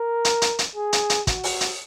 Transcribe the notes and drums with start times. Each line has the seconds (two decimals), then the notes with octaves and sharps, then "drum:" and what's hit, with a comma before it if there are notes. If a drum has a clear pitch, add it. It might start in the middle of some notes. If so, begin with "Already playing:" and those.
Already playing: A#4
0.25 drum: hi-hat
0.42 drum: hi-hat
0.59 drum: hi-hat
0.75 G#4
0.93 drum: hi-hat
1.10 drum: hi-hat
1.27 F#4, drum: kick, hi-hat
1.44 drum: open hi-hat
1.61 drum: hi-hat